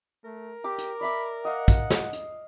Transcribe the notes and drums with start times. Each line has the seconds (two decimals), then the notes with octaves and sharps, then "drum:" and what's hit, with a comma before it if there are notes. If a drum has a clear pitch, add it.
0.25 A3 A#4
0.64 G4 D6 E6
0.78 drum: hi-hat
1.01 D5 E5 B5 D6
1.45 D#5 F5 F#5
1.68 drum: kick, hi-hat
1.90 drum: snare
2.13 drum: hi-hat